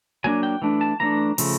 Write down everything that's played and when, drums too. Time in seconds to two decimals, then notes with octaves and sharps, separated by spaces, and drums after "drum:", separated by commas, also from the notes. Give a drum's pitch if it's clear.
0.24 F#3 A#3 D4 G#5
0.43 G5
0.62 E3 A3 D4
0.81 A5
1.00 E3 A3 D4 A#5
1.38 C#3 F3 A3, drum: open hi-hat